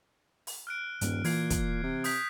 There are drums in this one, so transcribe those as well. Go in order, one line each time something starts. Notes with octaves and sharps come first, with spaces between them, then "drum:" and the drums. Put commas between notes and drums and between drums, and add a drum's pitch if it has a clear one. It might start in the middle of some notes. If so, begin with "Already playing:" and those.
drum: open hi-hat
F6 F#6 D7
D#1 G2 A#3, drum: hi-hat
A#2 E3 F6 G#6 C7, drum: open hi-hat
drum: kick, hi-hat
C3
D#6 G6 B6, drum: open hi-hat